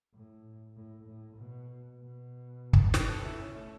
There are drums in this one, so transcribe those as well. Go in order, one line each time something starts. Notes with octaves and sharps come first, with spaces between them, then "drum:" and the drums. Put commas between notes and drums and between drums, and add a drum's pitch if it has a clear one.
A2
A2
A2
B2
B2
drum: kick
B4, drum: snare
A4
E4
C#4
A3